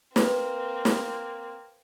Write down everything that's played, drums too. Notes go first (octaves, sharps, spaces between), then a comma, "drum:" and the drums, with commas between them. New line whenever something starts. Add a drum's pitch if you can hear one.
A#3 C4 B4, drum: snare
drum: snare